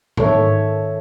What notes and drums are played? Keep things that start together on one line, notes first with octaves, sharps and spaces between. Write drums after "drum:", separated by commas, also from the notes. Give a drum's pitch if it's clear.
D#3 A4 C#5 E5, drum: tom G#2